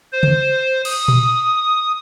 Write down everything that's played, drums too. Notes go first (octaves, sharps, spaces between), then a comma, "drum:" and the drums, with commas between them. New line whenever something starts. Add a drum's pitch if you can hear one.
C5
drum: tom
D#6, drum: cymbal
drum: tom A#2